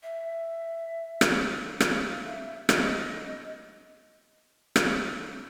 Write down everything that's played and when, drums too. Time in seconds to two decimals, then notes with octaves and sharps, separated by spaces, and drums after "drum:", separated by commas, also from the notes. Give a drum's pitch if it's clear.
0.03 E5
1.21 drum: rim click
1.80 F5, drum: rim click
2.14 F5
2.25 E5
2.69 D#5, drum: rim click
4.76 drum: rim click